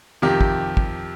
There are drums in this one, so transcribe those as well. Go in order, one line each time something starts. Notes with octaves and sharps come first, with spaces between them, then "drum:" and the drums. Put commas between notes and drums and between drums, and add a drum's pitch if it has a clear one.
F2 C3 D#3 G4
drum: kick
drum: kick